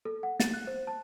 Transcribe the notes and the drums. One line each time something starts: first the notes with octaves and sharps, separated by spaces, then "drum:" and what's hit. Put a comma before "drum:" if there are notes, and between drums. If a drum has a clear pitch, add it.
A4
F#5
A6, drum: snare
F#6
C5
A5